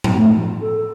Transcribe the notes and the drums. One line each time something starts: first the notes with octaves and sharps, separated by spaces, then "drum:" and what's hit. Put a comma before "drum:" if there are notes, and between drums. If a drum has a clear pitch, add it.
drum: tom
A3
F3
A4
A4